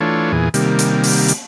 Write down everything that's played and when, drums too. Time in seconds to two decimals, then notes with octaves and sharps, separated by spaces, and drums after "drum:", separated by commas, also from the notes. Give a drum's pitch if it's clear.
0.01 E3 A3 D4 F4 C#5
0.32 E2 A#2 E3 G#4
0.54 C3 D#3 G3 A#3, drum: hi-hat
0.79 drum: hi-hat
1.04 drum: open hi-hat
1.28 drum: hi-hat